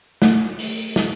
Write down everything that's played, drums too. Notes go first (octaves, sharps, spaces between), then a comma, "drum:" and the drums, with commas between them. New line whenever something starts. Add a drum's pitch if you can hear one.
A3, drum: snare
drum: open hi-hat
drum: snare